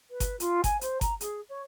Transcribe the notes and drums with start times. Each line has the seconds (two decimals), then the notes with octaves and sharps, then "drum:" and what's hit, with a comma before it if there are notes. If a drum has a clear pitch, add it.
0.11 B4
0.20 drum: kick G1, hi-hat
0.40 F4, drum: hi-hat
0.64 G#5, drum: kick G1, hi-hat
0.81 C5, drum: hi-hat
1.01 A#5, drum: kick G1, hi-hat
1.21 G#4, drum: hi-hat
1.49 C#5